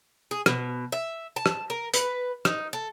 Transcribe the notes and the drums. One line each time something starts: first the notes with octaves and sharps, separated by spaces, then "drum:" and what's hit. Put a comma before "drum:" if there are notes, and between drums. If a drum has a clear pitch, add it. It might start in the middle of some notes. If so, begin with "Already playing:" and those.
G#4
B2, drum: rim click
E5
A5
drum: rim click
A#4
B4, drum: hi-hat
D#4, drum: rim click
A4